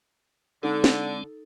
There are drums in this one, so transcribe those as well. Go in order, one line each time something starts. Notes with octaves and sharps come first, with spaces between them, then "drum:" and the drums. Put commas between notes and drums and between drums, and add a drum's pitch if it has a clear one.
D3 G#3 C4 D4 D#4 A4
drum: snare